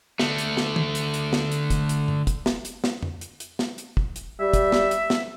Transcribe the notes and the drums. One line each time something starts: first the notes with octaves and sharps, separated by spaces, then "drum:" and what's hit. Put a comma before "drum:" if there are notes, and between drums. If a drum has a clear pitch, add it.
D3 A3, drum: snare
drum: hi-hat
drum: snare
drum: tom
drum: hi-hat
drum: hi-hat
drum: snare
drum: hi-hat
drum: kick, hi-hat
drum: hi-hat
drum: tom G2
drum: kick, hi-hat
drum: snare
drum: hi-hat
drum: snare
drum: tom F2
drum: hi-hat
drum: hi-hat
drum: snare
drum: hi-hat
drum: kick
drum: hi-hat
G3 E5
drum: kick, hi-hat
drum: snare
drum: hi-hat
drum: snare